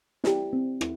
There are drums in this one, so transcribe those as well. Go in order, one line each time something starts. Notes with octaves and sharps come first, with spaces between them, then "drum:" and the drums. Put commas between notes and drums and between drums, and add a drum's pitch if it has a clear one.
E4 G4, drum: snare
C4
E4, drum: rim click